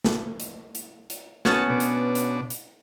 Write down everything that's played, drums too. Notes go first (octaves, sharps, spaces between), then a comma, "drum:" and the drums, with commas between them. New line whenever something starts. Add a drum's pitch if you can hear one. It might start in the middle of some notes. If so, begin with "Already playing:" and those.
drum: snare
drum: hi-hat
drum: hi-hat
drum: hi-hat
B3 C#4 F#4 A5 C#6, drum: snare
B2 D4
drum: hi-hat
drum: hi-hat
drum: hi-hat